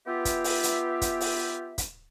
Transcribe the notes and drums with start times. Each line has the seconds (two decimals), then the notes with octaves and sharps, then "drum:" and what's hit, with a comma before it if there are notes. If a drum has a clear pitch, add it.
0.06 B3 F4 G4 E5
0.25 drum: kick, hi-hat
0.44 drum: open hi-hat
0.63 drum: hi-hat
1.01 drum: kick, hi-hat
1.21 drum: open hi-hat
1.78 drum: kick, hi-hat